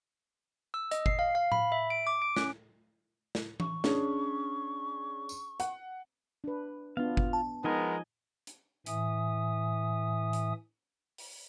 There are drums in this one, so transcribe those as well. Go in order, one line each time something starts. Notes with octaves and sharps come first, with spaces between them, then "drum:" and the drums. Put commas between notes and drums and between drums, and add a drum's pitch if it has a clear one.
E6
D#5, drum: hi-hat
C7, drum: kick G1
F5
F5
B5, drum: tom A2
E5
D7
D6
D7
C#4, drum: snare
drum: snare
C#6, drum: tom E3
C#4 D4 G#4, drum: snare
drum: tambourine
F#5, drum: hi-hat
D4 B4
B3 D4 F4 F5
drum: kick G1
A5
F3 G#3 B3 D#4 A#4 D#5 G#5
drum: hi-hat
A2 E3 E5 G#5 D#6, drum: hi-hat
drum: hi-hat
drum: open hi-hat